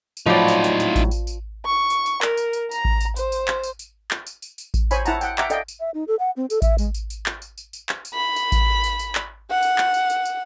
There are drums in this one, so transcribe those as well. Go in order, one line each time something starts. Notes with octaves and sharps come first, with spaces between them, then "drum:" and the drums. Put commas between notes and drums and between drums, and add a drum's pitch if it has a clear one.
drum: tambourine
A2 F3 F#3 D#4 F4 D5
drum: tambourine
drum: tambourine
drum: tambourine
drum: kick A1, tambourine
drum: tambourine
drum: tambourine
C#6
drum: tambourine
drum: tambourine
A#4, drum: clap
drum: tambourine
drum: tambourine
A#5, drum: tambourine
drum: kick A1
drum: tambourine
C5, drum: tambourine
drum: tambourine
drum: clap
drum: tambourine
drum: tambourine
drum: clap
drum: tambourine
drum: tambourine
drum: tambourine
drum: kick A1, tambourine
C5 C#5 G#5 B5, drum: tambourine
E4 F#5 A5 A#5, drum: tambourine
F#5 G5, drum: tambourine
E5 F#5 G5 A#5 D6, drum: clap
A4 D5 D#5 F5 G5, drum: tambourine
drum: tambourine
E5
D#4
A4
F#5
C4
A4, drum: tambourine
E5, drum: kick A1, tambourine
G#3, drum: tambourine
drum: tambourine
drum: tambourine
drum: clap
drum: tambourine
drum: tambourine
drum: tambourine
drum: clap
drum: tambourine
B5
drum: tambourine
drum: kick A1, tambourine
drum: tambourine
drum: tambourine
drum: clap
F#5
drum: tambourine
drum: clap
drum: tambourine
drum: tambourine
drum: tambourine